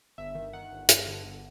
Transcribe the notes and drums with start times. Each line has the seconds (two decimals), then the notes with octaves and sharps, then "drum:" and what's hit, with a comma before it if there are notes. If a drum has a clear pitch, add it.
0.18 G1 E5
0.35 D#3
0.53 D#3 F#5
0.72 G1
0.89 G2, drum: hi-hat
1.08 D3
1.24 G1